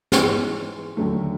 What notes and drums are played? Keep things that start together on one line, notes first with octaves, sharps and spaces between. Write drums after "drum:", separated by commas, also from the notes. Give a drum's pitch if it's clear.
G#2 E3 G#3, drum: snare
D#2 D3 F#3 A3